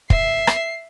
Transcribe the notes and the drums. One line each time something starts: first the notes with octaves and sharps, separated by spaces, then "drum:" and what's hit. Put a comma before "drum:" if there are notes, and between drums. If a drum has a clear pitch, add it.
E5 C7, drum: kick
drum: rim click